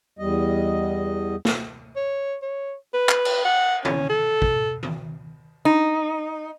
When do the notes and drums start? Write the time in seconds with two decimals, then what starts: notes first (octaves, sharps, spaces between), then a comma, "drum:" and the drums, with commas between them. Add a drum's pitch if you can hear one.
0.19 E2 G3 D#5
1.45 drum: snare
1.96 C#5
2.42 C#5
2.94 B4
3.09 drum: clap
3.25 drum: cymbal
3.45 F#5
3.85 C#4, drum: tom
4.10 A4
4.42 drum: kick
4.83 drum: tom D#3
5.65 D#4